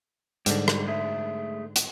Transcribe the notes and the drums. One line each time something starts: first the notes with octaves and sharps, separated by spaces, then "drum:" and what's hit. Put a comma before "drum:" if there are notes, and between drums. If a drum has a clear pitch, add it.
G#2 D3 G3, drum: hi-hat
drum: rim click
A3 G#4 E5
drum: hi-hat